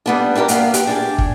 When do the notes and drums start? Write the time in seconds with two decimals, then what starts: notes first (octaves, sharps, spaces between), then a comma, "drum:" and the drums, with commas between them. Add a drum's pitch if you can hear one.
0.06 G3 B3 D4
0.35 D4 E4 G4 A#4 A#5
0.48 A#3 B3 F5, drum: hi-hat
0.74 G4, drum: hi-hat
0.87 D4 G4 G#4
1.18 drum: kick